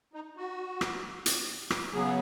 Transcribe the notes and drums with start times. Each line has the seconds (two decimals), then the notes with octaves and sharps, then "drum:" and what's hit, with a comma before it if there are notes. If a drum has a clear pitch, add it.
0.13 D#4
0.37 F#4
0.81 drum: rim click
1.26 drum: hi-hat
1.70 drum: rim click
1.92 C#3 F#3 B3 G#4